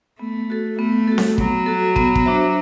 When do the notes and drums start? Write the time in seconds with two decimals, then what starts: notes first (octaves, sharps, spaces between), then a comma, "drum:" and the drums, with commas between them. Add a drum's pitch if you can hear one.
0.19 A3 B3
0.50 F#4 A4
0.78 A3 B3
1.07 F#4 A4
1.18 drum: snare C4
1.38 F#3 B3, drum: kick
1.66 F#4 A4
1.96 B3, drum: kick
2.15 drum: kick
2.25 D4 F#4 C5 E5